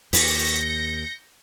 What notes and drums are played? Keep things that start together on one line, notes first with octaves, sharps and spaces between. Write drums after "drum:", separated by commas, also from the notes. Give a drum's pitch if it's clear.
D#2 G6 A#6 C#7, drum: open hi-hat